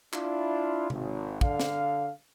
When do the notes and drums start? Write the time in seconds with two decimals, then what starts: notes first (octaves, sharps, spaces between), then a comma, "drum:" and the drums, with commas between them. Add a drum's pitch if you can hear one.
0.13 D4 E4 F4, drum: clap
0.90 G#1, drum: tom C3
1.41 D3 F5, drum: kick
1.60 drum: snare